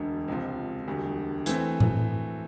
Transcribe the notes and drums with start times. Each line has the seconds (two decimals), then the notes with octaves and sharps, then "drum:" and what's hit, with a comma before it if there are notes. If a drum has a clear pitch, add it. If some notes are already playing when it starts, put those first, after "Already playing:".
Already playing: E1 D2 D3
0.28 C#2 C3 F3
0.87 E1 D2 D3 G3
1.46 E3 A3 C4, drum: hi-hat
1.80 drum: tom A2